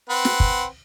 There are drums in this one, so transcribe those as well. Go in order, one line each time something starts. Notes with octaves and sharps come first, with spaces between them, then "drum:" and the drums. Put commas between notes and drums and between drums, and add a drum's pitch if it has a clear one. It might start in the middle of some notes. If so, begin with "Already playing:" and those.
C4 B4 F#5
drum: snare
drum: kick